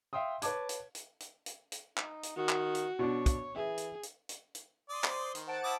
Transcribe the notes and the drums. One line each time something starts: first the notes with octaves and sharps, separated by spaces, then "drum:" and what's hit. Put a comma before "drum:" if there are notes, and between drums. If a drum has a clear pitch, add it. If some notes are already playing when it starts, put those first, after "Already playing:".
E5 F5 G5 C6 D#6
B4 C#5 A5 D6 G#6, drum: hi-hat
drum: hi-hat
drum: hi-hat
drum: hi-hat
drum: hi-hat
drum: hi-hat
D#4, drum: clap
drum: hi-hat
D#3 F#4
drum: clap
drum: hi-hat
B2 D4 C#5
drum: kick, hi-hat
E3 G#4 E5
drum: hi-hat
drum: hi-hat
drum: hi-hat
drum: hi-hat
D5 C6 D#6
C5, drum: clap
D#3, drum: hi-hat
C5 F#5 A5 D7
E4 D6 D#6